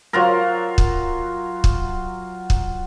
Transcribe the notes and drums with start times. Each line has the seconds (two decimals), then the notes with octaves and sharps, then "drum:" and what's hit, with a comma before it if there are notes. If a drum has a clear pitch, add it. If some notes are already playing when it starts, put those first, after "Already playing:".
0.13 F#3 F4 A#4
0.78 drum: kick
1.64 drum: kick
2.50 drum: kick